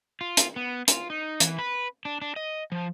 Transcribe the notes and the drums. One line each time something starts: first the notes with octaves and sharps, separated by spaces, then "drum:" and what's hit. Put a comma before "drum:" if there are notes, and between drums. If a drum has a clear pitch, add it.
F4
drum: hi-hat
B3
F4, drum: hi-hat
D#4
E3, drum: hi-hat
B4
D4
D4
D#5
F3